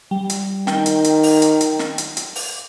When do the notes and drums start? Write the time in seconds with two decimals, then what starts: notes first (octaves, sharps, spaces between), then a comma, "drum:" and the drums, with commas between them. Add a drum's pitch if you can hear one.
0.11 G3
0.30 drum: hi-hat
0.67 D#3 G5, drum: snare
0.86 drum: hi-hat
1.04 drum: hi-hat
1.23 drum: open hi-hat
1.42 drum: hi-hat
1.61 drum: hi-hat
1.79 drum: snare
1.98 drum: hi-hat
2.17 drum: hi-hat
2.35 drum: open hi-hat